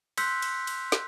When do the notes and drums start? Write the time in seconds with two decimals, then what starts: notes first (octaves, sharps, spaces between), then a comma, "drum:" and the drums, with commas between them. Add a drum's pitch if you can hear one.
0.18 C6 E6 F#6 G6 B6 C#7, drum: cymbal
0.42 drum: cymbal
0.67 drum: cymbal
0.92 drum: snare